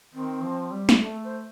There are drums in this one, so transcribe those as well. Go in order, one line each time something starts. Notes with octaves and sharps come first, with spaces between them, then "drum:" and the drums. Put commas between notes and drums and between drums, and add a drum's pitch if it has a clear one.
D#3 C4
F3
G3
drum: snare
A3 A4
C5